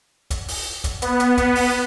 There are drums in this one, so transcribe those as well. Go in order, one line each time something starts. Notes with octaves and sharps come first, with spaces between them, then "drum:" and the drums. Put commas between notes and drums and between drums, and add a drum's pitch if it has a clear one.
drum: kick, hi-hat
drum: open hi-hat
drum: kick, hi-hat
B3, drum: hi-hat
drum: hi-hat
drum: kick, hi-hat
drum: open hi-hat